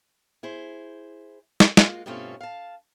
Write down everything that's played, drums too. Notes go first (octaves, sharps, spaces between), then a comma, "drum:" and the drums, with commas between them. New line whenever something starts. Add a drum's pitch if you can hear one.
E4 G#4 C5
drum: snare
G#3 A#3 F4 F#4, drum: snare
G2 B2 A3 C4 C#4 F4
F5 A5